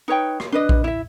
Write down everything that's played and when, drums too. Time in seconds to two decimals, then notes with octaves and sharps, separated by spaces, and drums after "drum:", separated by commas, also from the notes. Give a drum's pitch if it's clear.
0.08 D#4 B4 C#5 G5
0.40 drum: rim click
0.52 D4 B4 D#5
0.69 drum: kick A#1
0.84 E4 E5